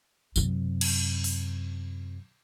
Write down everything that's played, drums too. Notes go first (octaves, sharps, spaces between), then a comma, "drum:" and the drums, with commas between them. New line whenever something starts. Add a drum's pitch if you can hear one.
F#2 C3, drum: tambourine
drum: cymbal
drum: open hi-hat